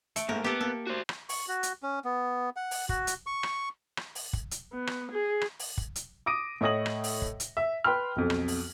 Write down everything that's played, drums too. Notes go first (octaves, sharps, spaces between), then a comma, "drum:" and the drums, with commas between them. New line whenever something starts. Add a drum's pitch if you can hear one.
A3 C#7 D7, drum: hi-hat
G#2 A3 A#3 A#4
B3 G4 A4
A#3 A4
F#4 C5
drum: rim click
C#6, drum: open hi-hat
F#4
drum: hi-hat
C#4
B3
F#5
drum: open hi-hat
F#4, drum: kick
drum: hi-hat
C#6
drum: rim click
drum: rim click
drum: open hi-hat
drum: kick
drum: hi-hat
B3
drum: rim click
G#4
drum: rim click
drum: open hi-hat
drum: kick
drum: hi-hat
D6 D#6 A#6 D7 D#7
A2 C#5 D#5 D#6 A#6 F#7
drum: rim click
drum: open hi-hat
drum: kick
drum: hi-hat
E5
B4 G5 B5 C6 F6
B1 F2
drum: rim click
drum: open hi-hat